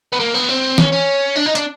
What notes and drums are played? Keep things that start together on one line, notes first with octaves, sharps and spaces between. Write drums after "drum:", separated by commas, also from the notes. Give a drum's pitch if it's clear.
B3
A#3
B3
C4
C#4, drum: snare E3
C#4
D4
D#4
D4, drum: hi-hat